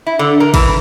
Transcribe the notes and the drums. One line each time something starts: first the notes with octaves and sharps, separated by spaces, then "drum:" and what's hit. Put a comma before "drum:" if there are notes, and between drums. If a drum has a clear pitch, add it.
E4
D3
A#4
E3, drum: kick, cymbal